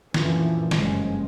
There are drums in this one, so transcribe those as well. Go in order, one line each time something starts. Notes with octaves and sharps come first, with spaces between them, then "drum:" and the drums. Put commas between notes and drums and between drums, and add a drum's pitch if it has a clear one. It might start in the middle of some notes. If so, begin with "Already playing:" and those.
F#2 A#2 D3 E3 F3, drum: snare
F#1 C#2 G2 F3 G#3, drum: snare